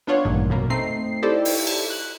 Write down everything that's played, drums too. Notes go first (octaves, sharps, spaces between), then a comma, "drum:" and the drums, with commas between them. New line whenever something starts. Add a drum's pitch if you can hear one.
B3 D4 F4 C#5 F#5
A1 G2 A#2 D#3
F#2 B2 A#3
A3 C4 D#4 C7
D#4 E4 G4 A4 C5 D5
drum: open hi-hat
drum: cymbal
F#6